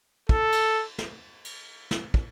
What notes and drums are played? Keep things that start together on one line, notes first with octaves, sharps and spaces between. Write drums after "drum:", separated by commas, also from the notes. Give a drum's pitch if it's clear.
A4, drum: kick
drum: cymbal
drum: snare
drum: cymbal
drum: snare
drum: kick